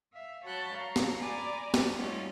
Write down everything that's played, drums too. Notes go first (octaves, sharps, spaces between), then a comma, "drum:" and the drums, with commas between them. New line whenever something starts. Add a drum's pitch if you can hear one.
E5 F5
F#4 C#5 A5 B5 F#6 G6
C#5 F5 A#5
drum: snare
D5 G#5 A#5 B5 D6
drum: snare
G3 A3 B3 C#4 D#4 F4